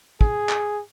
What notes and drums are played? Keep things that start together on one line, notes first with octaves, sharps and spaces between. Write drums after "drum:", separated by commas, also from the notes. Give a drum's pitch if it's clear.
G#4, drum: kick
drum: clap